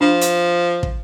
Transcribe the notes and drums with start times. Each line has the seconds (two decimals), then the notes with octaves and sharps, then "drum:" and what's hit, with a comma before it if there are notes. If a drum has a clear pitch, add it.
0.01 F3 D4
0.21 drum: hi-hat
0.83 drum: kick